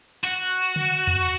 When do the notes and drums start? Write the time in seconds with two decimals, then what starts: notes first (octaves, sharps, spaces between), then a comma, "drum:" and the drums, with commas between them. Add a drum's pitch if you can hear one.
0.24 F#4, drum: hi-hat
0.76 drum: tom C#3
1.07 drum: tom E2